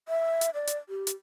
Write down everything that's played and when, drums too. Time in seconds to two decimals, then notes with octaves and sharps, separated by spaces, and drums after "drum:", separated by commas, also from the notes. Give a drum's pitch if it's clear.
0.08 E5
0.41 drum: hi-hat
0.54 D5
0.67 drum: hi-hat
0.89 G4
1.07 drum: hi-hat